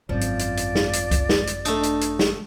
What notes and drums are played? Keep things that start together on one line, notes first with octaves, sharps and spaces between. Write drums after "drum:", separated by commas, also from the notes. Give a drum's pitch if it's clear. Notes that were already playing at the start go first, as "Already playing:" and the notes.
G#1 F#2 F3 D5
drum: hi-hat
drum: hi-hat
drum: hi-hat
drum: snare
drum: hi-hat
drum: kick C#2, hi-hat
drum: snare
drum: hi-hat
A3 D4 D#4, drum: hi-hat
drum: hi-hat
drum: hi-hat
drum: snare